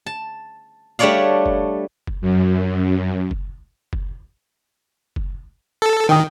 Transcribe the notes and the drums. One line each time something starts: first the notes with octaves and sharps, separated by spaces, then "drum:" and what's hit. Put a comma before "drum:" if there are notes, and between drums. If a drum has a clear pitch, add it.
A5
G3 A3 D4 C#5 D5 F5
drum: kick F#1
drum: kick F#1
F#2
drum: kick F#1
drum: kick F#1
drum: kick F#1
A4
D#3 G5 D#6